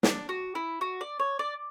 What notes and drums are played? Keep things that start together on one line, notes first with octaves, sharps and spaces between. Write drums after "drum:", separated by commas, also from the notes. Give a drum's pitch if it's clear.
D4, drum: snare
F#4
E4
F#4
D5
C#5
D5